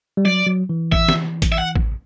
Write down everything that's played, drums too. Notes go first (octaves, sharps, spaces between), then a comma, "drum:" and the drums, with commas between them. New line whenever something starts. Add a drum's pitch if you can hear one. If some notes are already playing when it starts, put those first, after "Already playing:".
G3
F#3 D5
F#3
E3
E5, drum: kick A1
drum: snare
drum: kick A1, hi-hat
E5
F#5
drum: kick A1